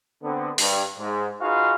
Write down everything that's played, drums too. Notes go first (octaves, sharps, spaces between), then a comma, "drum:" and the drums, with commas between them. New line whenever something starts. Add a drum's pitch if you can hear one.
D3 B3 C4
G2, drum: open hi-hat
G#2
D#4 F4 F#4 G#4 B4 F5